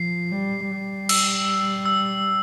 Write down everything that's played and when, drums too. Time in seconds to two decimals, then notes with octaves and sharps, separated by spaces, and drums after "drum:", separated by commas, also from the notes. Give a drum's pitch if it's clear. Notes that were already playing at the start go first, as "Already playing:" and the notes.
Already playing: F3 C7
0.32 G3
0.70 G3
1.09 E6, drum: cymbal
1.85 E6